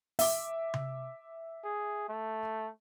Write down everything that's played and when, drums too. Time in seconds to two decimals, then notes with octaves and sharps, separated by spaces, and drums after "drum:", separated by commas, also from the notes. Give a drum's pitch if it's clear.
0.19 E5 D6, drum: open hi-hat
0.74 drum: tom C3
1.64 G#4
2.09 A3